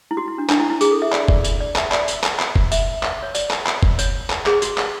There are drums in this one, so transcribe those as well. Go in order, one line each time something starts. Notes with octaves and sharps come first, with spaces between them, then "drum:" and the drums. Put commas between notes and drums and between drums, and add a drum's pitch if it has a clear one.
E4
F#4
E4
D4
D4, drum: clap
E4
E4
G#4, drum: tambourine
A4
E5
D5, drum: clap
D5, drum: kick F1
drum: tambourine
D5
E5, drum: clap
D5, drum: clap
drum: tambourine
drum: clap
drum: clap
drum: kick F1
E5, drum: tambourine
drum: clap
C#5
D5, drum: tambourine
drum: clap
drum: clap
drum: kick F1
C#5, drum: tambourine
drum: clap
G#4, drum: clap
F#4, drum: tambourine
drum: clap